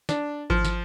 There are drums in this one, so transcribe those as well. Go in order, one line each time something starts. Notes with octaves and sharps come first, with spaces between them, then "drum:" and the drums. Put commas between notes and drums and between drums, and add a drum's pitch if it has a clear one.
D4, drum: snare
F3, drum: kick G#1
drum: snare